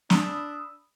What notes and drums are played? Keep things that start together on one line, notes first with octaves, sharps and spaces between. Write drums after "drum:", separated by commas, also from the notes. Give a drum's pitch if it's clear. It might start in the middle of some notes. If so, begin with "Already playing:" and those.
D4 B5 D#6 E6, drum: snare